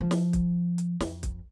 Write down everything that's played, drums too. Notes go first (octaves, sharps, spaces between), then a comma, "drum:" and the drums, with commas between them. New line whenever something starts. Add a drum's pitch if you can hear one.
F3
drum: snare
drum: kick, hi-hat
drum: hi-hat
F2, drum: snare
drum: kick, hi-hat